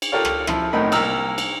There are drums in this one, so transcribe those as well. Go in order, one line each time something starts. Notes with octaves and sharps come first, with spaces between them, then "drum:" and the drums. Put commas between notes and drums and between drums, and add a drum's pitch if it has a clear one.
drum: cymbal
F4 G4 A4 A#4 C#5 F5
drum: rim click
F3 E4, drum: rim click
B1 A2 C4 D#4 A#4 B5
C2 A#3 A#5 E6 F6, drum: cymbal
drum: cymbal